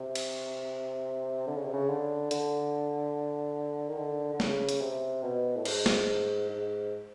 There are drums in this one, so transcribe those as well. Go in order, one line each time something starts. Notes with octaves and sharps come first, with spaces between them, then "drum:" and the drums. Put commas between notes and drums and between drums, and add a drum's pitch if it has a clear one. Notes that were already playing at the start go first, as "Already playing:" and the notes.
Already playing: C3
drum: cymbal
D3
C#3
C3
C#3
D3
D3, drum: hi-hat
D#3
D3
D3
C#3, drum: snare
drum: hi-hat
C3
B2
A2
G#2, drum: cymbal
drum: snare
G#2